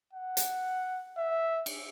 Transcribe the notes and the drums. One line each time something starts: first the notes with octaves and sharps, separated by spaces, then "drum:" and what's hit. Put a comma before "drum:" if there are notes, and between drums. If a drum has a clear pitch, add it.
F#5
drum: hi-hat
E5
drum: cymbal